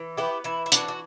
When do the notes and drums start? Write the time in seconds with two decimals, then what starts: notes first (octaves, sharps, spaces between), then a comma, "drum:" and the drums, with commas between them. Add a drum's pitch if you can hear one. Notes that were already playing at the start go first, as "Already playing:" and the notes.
Already playing: E3
0.17 B3 E4 G4
0.44 E3 E4
0.66 E4
0.72 E3 D4 F#4, drum: hi-hat
0.88 F#4